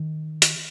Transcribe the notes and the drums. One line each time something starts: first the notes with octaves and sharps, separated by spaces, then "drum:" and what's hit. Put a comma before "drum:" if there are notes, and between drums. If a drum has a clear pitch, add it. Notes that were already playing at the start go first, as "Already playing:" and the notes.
Already playing: D#3
drum: hi-hat